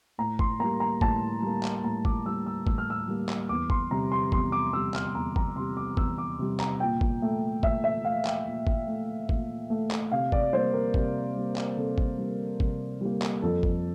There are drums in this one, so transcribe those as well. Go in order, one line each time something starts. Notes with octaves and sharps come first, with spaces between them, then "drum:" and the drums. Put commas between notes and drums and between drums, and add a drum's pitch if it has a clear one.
A2 A#5
C6, drum: kick G1
G3 A#3 A#5
A#5
A2 A5, drum: kick G1
G3 A#3
drum: clap
A2 A#5
D6, drum: kick G1
G3 A#3 E6
E6
A2 E6, drum: kick G1
F6
E6
G3 A#3
drum: clap
E2 D6
C6, drum: kick G1
C3 G3 A#5
C6
E2 C6, drum: kick G1
D6
C3 G3 E6
F6, drum: clap
E2 A#5
A#5, drum: kick G1
C3 G3 C6
D6
E2 E6, drum: kick G1
D6
C3 G3
A#5, drum: clap
A#2 G5
drum: kick G1
A3
A#2 E5, drum: kick G1
E5
A3 F5
G5, drum: clap
A#2
drum: kick G1
A3
A#2, drum: kick G1
A3
drum: clap
C3 F5
D5, drum: kick G1
G3 A#3 C5
A#4
C3, drum: kick G1
G3 A#3
drum: clap
C3 A4
drum: kick G1
G3 A#3
C3, drum: kick G1
G3 A#3
drum: clap
F2 A4
drum: kick G1